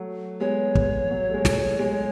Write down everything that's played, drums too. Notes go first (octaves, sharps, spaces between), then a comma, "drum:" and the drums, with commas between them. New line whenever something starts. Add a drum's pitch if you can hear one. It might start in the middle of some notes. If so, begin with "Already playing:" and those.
Already playing: F#3 A3
G#3 B3 C#5
G#3, drum: kick
F#3
A3
G#3
drum: snare
G#3
G#3